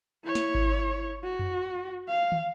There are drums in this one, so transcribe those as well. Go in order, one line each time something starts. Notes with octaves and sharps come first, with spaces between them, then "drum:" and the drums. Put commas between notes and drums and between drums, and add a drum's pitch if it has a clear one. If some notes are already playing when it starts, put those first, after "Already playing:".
E4 C#5
drum: snare
drum: kick G#1
F#4
drum: tom F2
F5
drum: tom